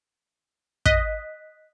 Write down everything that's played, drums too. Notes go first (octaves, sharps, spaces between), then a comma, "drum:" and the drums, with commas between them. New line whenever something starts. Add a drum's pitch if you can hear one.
D#5 F#6 B6, drum: kick